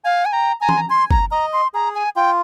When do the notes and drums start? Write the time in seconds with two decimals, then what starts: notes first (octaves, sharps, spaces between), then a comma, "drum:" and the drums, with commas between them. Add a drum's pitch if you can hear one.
0.04 F5 G#5
0.25 G#5
0.32 G5 A#5
0.61 G#5 A#5
0.69 C6, drum: tom E3
0.77 A#5
0.89 G#5 C6
1.11 A#5, drum: kick F#1
1.31 D#5 A#5
1.53 C6
1.74 G#4 A#5
1.95 G#5
2.16 F4 G5